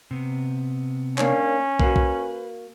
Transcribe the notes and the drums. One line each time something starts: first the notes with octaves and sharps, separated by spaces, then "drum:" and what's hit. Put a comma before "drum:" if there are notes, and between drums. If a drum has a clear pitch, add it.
C3 B3
A#3 C#4 D4 C#5, drum: clap
A#3 F#4 B4, drum: kick
drum: kick